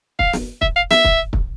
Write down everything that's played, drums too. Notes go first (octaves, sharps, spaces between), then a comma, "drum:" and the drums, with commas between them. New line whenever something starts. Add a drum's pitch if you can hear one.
F5, drum: kick
drum: snare
E5, drum: kick
F5
E5, drum: snare
drum: kick
drum: kick